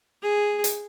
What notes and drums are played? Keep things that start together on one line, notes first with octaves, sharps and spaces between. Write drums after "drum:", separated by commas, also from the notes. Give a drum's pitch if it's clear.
G#4
drum: hi-hat